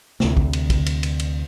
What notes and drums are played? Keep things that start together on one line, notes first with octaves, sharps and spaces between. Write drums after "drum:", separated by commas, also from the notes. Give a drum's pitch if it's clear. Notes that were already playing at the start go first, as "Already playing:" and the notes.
D2 C3, drum: snare
drum: kick
drum: cymbal
drum: kick, cymbal
drum: cymbal
drum: cymbal
drum: cymbal